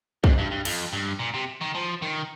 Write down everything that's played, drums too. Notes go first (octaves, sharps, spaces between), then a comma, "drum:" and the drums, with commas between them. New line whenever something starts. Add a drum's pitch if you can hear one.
G#2, drum: kick
G2
G2
F2, drum: cymbal
G2
A#2
C3
D#3
F3
D#3